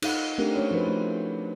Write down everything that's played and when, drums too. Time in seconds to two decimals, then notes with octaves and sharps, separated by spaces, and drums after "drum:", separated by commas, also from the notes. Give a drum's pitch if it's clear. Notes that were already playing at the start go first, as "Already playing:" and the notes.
0.02 D#4 A4 F5 F#5, drum: cymbal
0.38 A3 C4 D4 G4 A#4
0.55 A3 C#4 C#5
0.71 F3 D#4 F#4 B4 C5
0.87 A3 C5